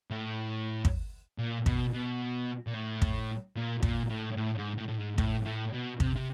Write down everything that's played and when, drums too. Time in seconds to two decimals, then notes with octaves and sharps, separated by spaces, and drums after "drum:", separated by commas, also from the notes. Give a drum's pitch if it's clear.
0.10 A2
0.85 drum: kick
1.38 A#2
1.66 B2, drum: kick
1.93 B2
2.67 A#2
2.74 A2
3.02 drum: kick
3.56 A#2
3.83 A#2, drum: kick
4.10 A2
4.37 A2
4.58 G#2
4.78 A2
4.88 A2
4.98 G#2
5.18 A2, drum: kick
5.45 A2
5.73 B2
6.00 C3, drum: kick
6.15 C3